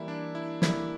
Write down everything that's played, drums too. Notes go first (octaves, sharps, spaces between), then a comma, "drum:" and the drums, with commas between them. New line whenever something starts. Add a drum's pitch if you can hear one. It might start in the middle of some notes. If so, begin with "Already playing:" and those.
Already playing: E3 G3 A#3 E4
D4
E4
E3 G3 A#3 E4, drum: snare